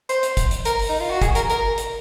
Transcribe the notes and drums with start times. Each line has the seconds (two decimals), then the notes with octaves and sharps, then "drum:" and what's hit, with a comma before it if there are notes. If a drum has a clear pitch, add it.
0.09 C5, drum: hi-hat
0.23 drum: hi-hat
0.37 drum: kick, hi-hat
0.51 drum: hi-hat
0.65 A#4, drum: hi-hat
0.79 drum: open hi-hat
0.89 D#4
1.00 F4
1.10 F#4
1.22 G#4, drum: kick, hi-hat
1.35 A#4, drum: hi-hat
1.50 A#4, drum: hi-hat
1.78 drum: hi-hat